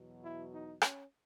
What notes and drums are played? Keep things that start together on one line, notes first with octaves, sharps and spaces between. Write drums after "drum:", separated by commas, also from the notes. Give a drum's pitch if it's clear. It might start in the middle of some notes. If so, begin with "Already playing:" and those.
Already playing: E2 B2 F#3
E4
D#4
C#4, drum: rim click